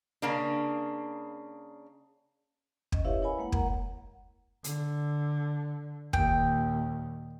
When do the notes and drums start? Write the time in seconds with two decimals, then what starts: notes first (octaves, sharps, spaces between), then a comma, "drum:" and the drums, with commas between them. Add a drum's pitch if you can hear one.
0.22 C#3 A#3 D4
2.92 C#4 D#5, drum: kick
3.05 E4 G4 B4 C#5 E5 F5
3.22 E4 A#4 C#5 G#5 B5
3.38 G#3 A#3 F#5
3.52 A#4 F#5 A#5, drum: kick
4.64 D3, drum: hi-hat
6.13 D#2 A#2 G5, drum: kick